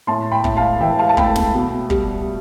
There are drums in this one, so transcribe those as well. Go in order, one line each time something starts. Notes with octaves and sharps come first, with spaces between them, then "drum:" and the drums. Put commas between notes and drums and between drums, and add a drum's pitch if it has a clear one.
A2 A5 C6
G5 B5
A2, drum: kick
F5 A5
E3 E5 G5
F5 A5
A5
A3 G5 B5, drum: kick
drum: snare
B2
G3, drum: kick